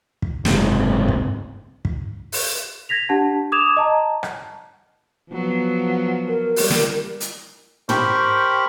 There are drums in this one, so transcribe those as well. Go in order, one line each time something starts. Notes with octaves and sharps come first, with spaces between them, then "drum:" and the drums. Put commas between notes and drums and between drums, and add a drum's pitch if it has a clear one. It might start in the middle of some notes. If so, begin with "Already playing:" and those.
drum: kick
F#1 G#2 C3, drum: snare
drum: kick
drum: kick
drum: open hi-hat
G#6 A#6 B6 F7
D4 G4 F#5 A5
D6 D#6 G#6 E7 F7
D#5 A5 A#5
drum: rim click
F3 F#3 B3
A#4
G3, drum: open hi-hat
drum: snare
drum: hi-hat
G4 A#4 C5 B5 C#6, drum: tom